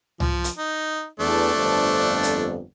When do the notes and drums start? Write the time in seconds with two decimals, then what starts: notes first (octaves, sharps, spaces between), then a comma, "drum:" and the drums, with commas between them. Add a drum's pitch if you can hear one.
0.20 F3, drum: tom C2
0.44 drum: hi-hat
0.57 D#4
1.20 E2 A3 D4
1.54 G1 F2
2.23 drum: hi-hat